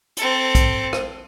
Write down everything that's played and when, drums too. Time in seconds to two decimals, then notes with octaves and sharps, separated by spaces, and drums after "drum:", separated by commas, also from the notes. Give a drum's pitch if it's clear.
0.17 C4 A4, drum: hi-hat
0.55 drum: kick, hi-hat
0.93 drum: rim click